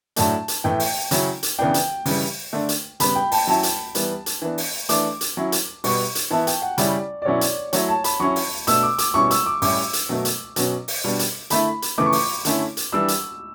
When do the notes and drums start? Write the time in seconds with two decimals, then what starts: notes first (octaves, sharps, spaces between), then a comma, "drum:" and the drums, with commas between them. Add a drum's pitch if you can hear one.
0.16 A2 F#3 A3 D4 A5, drum: hi-hat
0.48 drum: hi-hat
0.64 A2 E3 A3 G5
0.80 drum: open hi-hat
1.11 C#3 F#3 C#4 E4, drum: hi-hat
1.43 drum: hi-hat
1.59 C#3 E3 B3 D4 G5
1.74 drum: hi-hat
2.06 C#3 E3 G3, drum: open hi-hat
2.53 D3 A3 D4
2.69 drum: hi-hat
3.00 C#3 G3 B3 B5, drum: hi-hat
3.16 G5
3.32 A5, drum: open hi-hat
3.47 F#3 C#4 E4 A5
3.63 drum: hi-hat
3.95 E3 G3 B3, drum: hi-hat
4.26 drum: hi-hat
4.42 E3 B3 D4
4.58 drum: open hi-hat
4.89 E3 A3 D4 D6, drum: hi-hat
5.21 drum: hi-hat
5.37 F#3 C#4 E4
5.52 drum: hi-hat
5.84 B2 G3 B3 C#6, drum: open hi-hat
6.15 drum: hi-hat
6.30 E3 B3 E4 A5
6.47 G5, drum: hi-hat
6.62 F#5
6.78 C#3 G3 C#4 E4 D5, drum: hi-hat
7.22 D5
7.25 B2 F#3 C#4 E4 C#5
7.41 drum: hi-hat
7.73 F#3 A3 E4 C#5, drum: hi-hat
7.88 A5
8.04 B5, drum: hi-hat
8.20 F#3 C#4 E4 C#6
8.36 drum: open hi-hat
8.67 B2 A3 D4 E6, drum: hi-hat
8.83 D6
8.98 D6, drum: hi-hat
9.14 B2 G3 C#4 E4 C#6
9.31 E6, drum: hi-hat
9.46 D6
9.62 A2 G3 C#4 E4 D6, drum: open hi-hat
9.93 drum: hi-hat
10.09 B2 F#3 A3
10.25 drum: hi-hat
10.56 B2 F#3 C#4, drum: hi-hat
10.88 drum: open hi-hat
11.04 B2 G3 D4
11.19 drum: hi-hat
11.50 D3 A3 E4 B5, drum: hi-hat
11.82 drum: hi-hat
11.98 C#3 E3 A3 D6
12.06 C#6
12.13 D6, drum: open hi-hat
12.45 D3 A3 C#4 E4, drum: hi-hat
12.77 drum: hi-hat
12.92 E3 G3 D4 E6
13.08 drum: hi-hat